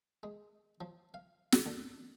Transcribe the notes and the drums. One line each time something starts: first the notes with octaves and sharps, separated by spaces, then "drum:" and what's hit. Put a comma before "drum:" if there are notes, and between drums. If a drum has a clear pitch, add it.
G#3
F3
F5
drum: snare
D3